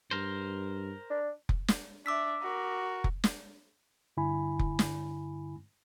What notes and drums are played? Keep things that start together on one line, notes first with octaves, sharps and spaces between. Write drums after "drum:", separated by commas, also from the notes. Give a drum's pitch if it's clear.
G2 A#4 C5
D4
drum: kick F1
drum: snare
D4 E5 D6 E6 B6
F#4 A#4
drum: kick F1
drum: snare
G2 D3 E4 G#5 B5
drum: kick F1
drum: snare